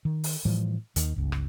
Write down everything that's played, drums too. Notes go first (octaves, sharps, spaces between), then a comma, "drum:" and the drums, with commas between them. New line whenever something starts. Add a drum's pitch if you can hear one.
D#3
drum: open hi-hat
A2 E3 F3 G3
D#2 D#3, drum: hi-hat
G1 C#2
drum: rim click